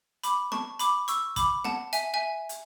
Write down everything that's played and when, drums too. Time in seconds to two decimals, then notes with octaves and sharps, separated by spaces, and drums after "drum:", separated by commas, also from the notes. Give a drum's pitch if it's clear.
0.24 B5 D6, drum: hi-hat
0.52 A5 C#6, drum: snare
0.79 B5 D6, drum: hi-hat
1.08 C#6 E6, drum: hi-hat
1.36 B5 D6, drum: kick, hi-hat
1.64 F#5 A5, drum: snare
1.93 E5 G#5, drum: hi-hat
2.14 E5 G#5
2.49 drum: hi-hat